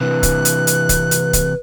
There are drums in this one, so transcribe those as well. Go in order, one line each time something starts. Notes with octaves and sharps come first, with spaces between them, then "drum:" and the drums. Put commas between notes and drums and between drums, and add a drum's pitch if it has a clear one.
C3 E3 B4 F#6
drum: kick, hi-hat
drum: hi-hat
drum: hi-hat
drum: kick, hi-hat
drum: hi-hat
drum: kick, hi-hat